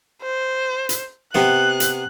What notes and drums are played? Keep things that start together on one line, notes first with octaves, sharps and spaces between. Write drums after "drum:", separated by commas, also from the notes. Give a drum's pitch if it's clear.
C5
drum: hi-hat
C3 B3 F#5 F#6, drum: snare
drum: hi-hat